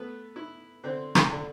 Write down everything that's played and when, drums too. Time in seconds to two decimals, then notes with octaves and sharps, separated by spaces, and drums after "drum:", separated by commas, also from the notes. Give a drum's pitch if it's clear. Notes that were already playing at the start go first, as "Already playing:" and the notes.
Already playing: A3 B3 B4
0.36 E4
0.84 D3 C4 C5
1.15 drum: rim click
1.32 D3